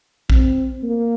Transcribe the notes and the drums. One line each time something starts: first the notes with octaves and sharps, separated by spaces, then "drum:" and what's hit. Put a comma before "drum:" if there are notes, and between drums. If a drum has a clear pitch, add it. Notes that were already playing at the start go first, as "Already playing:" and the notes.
C4, drum: kick
A#3